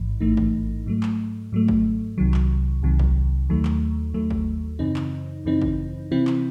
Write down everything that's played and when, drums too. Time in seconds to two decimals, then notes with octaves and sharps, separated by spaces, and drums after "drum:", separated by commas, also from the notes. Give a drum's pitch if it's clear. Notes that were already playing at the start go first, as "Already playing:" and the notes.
Already playing: A1 G#2 E3
0.20 A1 G#2 E3 A3 D#4
0.37 drum: kick G#1
0.86 G#2 F#3 A3
1.03 drum: clap
1.52 G#2 F#3 A3
1.68 drum: kick G#1
2.18 C2 C3 D#3 F#3
2.34 drum: clap
2.82 C2 C3 D#3 F#3
2.99 drum: kick G#1
3.49 D#2 D#3 F#3 A3
3.65 drum: clap
4.14 D#2 D#3 F#3 A3
4.31 drum: kick G#1
4.79 F#2 C#3 E3 C4 D#4
4.96 drum: clap
5.45 F#2 C#3 E3 C4 D#4
5.62 drum: kick G#1
6.11 C3 E3 C4 E4
6.27 drum: clap